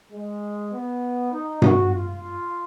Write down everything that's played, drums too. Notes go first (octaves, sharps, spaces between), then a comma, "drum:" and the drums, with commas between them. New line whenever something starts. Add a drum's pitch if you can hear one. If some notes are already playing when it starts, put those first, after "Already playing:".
G#3
B3
D#4
F#4, drum: tom G2
F4